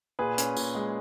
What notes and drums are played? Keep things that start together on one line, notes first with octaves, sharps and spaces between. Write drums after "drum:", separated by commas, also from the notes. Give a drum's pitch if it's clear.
A#2 G#4 B4
C#4, drum: hi-hat
A#2, drum: tambourine
G#3